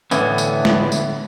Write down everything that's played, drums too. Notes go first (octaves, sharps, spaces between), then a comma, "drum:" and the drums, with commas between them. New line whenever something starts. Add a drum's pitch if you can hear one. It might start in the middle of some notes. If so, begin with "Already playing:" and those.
A2 D3 E3 B3, drum: tambourine
drum: tambourine
drum: snare
drum: tambourine